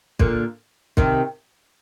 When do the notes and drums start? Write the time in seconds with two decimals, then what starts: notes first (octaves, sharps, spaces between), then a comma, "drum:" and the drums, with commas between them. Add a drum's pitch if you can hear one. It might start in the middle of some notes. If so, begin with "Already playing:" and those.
0.19 A#2 D3, drum: kick
0.97 C3 D#3, drum: kick